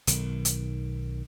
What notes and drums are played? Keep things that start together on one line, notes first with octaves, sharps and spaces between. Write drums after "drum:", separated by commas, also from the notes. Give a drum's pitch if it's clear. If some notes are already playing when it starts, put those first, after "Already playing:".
B1 D#3, drum: hi-hat
drum: hi-hat